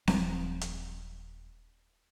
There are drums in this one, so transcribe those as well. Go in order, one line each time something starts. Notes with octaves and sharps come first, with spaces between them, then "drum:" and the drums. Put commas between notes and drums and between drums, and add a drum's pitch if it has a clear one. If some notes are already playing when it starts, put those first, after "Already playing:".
D#1 F3 C4, drum: snare C4
drum: hi-hat